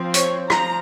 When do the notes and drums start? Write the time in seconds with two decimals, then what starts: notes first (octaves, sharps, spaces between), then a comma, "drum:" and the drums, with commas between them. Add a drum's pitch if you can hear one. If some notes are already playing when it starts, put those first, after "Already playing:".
Already playing: F3 C4
0.14 C#5, drum: hi-hat
0.50 F3 A#5, drum: rim click